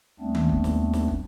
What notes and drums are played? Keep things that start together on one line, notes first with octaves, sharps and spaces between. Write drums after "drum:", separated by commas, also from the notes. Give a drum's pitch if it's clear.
D#2 G3 A3 B3 C4 D4
drum: tom D#3
drum: kick
drum: snare
drum: snare
drum: kick